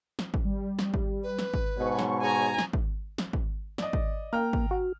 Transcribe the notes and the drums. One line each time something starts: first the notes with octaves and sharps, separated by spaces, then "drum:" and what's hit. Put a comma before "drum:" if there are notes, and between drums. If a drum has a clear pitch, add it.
drum: snare
drum: kick G#1
G3
drum: snare
drum: kick G#1
B4
drum: snare
drum: kick G#1
G#2 B2 C#5 C#6
drum: snare
G#4 G#5 A#5
drum: snare
drum: kick G#1
drum: snare
drum: kick G#1
D5 D#5, drum: snare
drum: kick G#1
A#3 G5 A#5 F6
drum: kick G#1
F#4